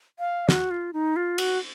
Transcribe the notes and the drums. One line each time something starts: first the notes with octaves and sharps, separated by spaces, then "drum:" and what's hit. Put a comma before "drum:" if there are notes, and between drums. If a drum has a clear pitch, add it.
F5
F#4, drum: snare
F4
D#4
F4
F#4, drum: cymbal